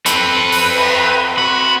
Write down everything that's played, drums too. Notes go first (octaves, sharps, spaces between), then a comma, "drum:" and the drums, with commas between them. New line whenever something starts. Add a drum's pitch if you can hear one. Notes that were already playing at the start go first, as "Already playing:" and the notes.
C4 A4 B4, drum: hi-hat
drum: open hi-hat
drum: cymbal
C4 F#4 B5